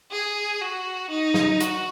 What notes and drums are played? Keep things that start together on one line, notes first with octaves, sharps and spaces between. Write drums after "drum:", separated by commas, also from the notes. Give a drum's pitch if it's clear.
G#4
F#4
D#4
drum: snare
F#4, drum: hi-hat